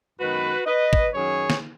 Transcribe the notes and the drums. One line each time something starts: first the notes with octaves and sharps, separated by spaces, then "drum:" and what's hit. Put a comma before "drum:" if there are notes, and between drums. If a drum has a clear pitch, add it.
F#2 D#3 G#3 B3 F#4 B4
B4 D#5
drum: kick
F#2 D#3 F#3 C#4 G#4 C#5
drum: snare